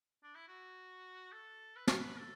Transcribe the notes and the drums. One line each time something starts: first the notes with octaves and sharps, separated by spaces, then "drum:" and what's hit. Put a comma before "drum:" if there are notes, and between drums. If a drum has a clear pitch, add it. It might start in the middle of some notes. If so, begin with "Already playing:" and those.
D4
E4
F#4
A4
B4
A4, drum: snare
B4
A4